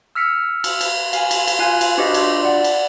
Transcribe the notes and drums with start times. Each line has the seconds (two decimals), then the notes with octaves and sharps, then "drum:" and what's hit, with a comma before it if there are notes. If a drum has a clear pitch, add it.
0.15 E6 F6 B6 C#7
0.64 drum: cymbal
0.81 drum: cymbal
1.13 F5 G#5, drum: cymbal
1.31 drum: cymbal
1.47 drum: cymbal
1.59 F4 F5 G#5 F#6
1.81 drum: cymbal
1.98 D4 F#4 G4 B4 C5 D#5
2.14 D4 F4, drum: cymbal
2.43 D5 F#5
2.64 drum: cymbal